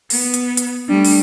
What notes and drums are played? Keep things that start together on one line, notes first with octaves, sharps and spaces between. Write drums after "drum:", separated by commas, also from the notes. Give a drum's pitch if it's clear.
B3, drum: open hi-hat
drum: hi-hat
drum: hi-hat
G3 A3 D4
drum: open hi-hat